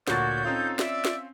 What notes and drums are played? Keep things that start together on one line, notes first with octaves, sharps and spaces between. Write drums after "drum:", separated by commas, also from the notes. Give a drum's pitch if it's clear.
D2 A#2 F#4 C#5 G6 A6, drum: snare
C4 C#4 D#4 F4 A4
D5 E5, drum: snare
drum: snare